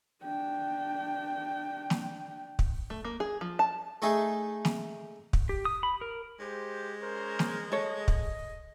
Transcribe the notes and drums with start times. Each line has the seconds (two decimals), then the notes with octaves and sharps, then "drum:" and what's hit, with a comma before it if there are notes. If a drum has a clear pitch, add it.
0.23 D4 G5
1.90 drum: snare
2.59 drum: kick
2.90 A3
3.05 A#3
3.20 G#4
3.41 F3
3.59 A5
4.02 A3 D#4 G#4
4.65 drum: snare
5.33 drum: kick
5.49 G4
5.65 D#6
5.83 B5
6.01 A#4
6.39 G#3 G4 C5
7.01 C#4 A#4 C5
7.39 drum: snare
7.72 A4 C#5 D#5
8.08 drum: kick